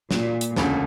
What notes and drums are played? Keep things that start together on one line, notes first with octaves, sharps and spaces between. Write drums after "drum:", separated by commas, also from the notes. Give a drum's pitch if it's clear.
A#2, drum: snare
drum: hi-hat
E1 D2 C#3, drum: snare